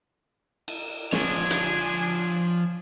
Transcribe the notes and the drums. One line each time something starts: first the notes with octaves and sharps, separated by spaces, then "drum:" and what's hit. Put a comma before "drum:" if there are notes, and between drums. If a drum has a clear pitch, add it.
drum: cymbal
F3 D4 C#5 G#5, drum: snare
drum: hi-hat